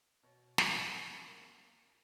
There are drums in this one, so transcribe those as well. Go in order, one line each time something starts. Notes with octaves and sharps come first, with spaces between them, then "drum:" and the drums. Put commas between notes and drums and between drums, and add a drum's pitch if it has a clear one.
B2 C#5
B2, drum: snare
C#4
A#3